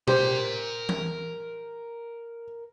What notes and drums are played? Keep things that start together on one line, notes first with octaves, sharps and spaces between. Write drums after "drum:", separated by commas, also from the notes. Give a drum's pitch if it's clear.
G4 A#4 C5 C6, drum: tom
drum: tom E3